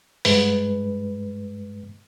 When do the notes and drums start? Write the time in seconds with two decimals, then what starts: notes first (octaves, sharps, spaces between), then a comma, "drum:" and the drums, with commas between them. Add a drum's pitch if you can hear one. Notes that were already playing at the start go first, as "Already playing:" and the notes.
0.25 G2 G#3 B4, drum: open hi-hat